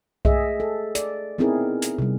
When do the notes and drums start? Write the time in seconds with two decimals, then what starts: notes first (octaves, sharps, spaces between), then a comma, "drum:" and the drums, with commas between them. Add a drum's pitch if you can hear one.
0.25 A3 G#4 D#5 E5, drum: kick B1
0.60 A4
0.95 D5, drum: hi-hat
1.38 B3 C4 D#4 E4 G#4 A#4
1.82 drum: hi-hat
1.99 C3 G3